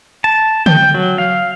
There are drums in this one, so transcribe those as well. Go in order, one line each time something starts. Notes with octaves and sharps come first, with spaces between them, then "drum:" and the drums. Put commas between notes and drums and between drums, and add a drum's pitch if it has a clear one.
A5
G5, drum: tom
F#3
F5